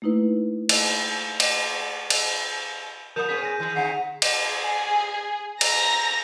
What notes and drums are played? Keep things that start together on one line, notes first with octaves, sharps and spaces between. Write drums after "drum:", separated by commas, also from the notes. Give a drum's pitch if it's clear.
A3 A#3 D#4 E4 B4
drum: cymbal
drum: cymbal
drum: cymbal
F3 A#3 A#4 D#6 G6 E7 F7
B3 C#4 G#4 B6 D#7
G#5 A#6
D#3 G#3 G#4
D3 C4 D#4 F#5 C7
drum: cymbal
G#4
A#5 A#6, drum: cymbal